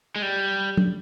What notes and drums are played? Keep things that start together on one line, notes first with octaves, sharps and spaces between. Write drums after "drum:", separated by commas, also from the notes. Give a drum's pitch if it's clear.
G#3
G3
drum: tom